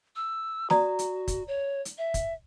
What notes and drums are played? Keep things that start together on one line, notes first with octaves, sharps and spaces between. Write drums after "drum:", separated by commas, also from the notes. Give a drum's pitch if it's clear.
E6
F#4 D5 A#5 D#6, drum: snare
drum: hi-hat
drum: kick, hi-hat
C#5
drum: hi-hat
E5
drum: kick, hi-hat